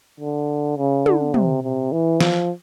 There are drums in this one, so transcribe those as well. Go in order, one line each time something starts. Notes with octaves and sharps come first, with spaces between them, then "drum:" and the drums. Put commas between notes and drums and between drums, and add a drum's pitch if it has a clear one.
D3
C#3
D3, drum: tom
C3, drum: tom
C3
E3
F3, drum: snare